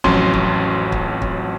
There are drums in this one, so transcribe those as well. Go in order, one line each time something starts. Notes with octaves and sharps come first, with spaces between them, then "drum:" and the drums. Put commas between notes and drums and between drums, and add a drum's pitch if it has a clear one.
A1 F2 F#3 C#4 F#4 C6, drum: kick
drum: kick
drum: kick
drum: kick